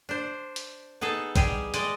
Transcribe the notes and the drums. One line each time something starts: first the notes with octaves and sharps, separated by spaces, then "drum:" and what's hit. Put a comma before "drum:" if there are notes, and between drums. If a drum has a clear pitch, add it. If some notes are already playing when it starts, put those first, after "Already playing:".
D4 C5
drum: hi-hat
B3 D#4 G#4 A4
G3 G4 G#4 G#5, drum: kick, hi-hat
G#3 D5 D#5, drum: hi-hat